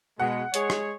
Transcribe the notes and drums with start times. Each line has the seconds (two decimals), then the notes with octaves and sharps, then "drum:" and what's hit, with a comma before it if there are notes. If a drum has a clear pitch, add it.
0.20 B2 G#3 F#5
0.54 G#3 G#4 C#5, drum: hi-hat
0.70 drum: rim click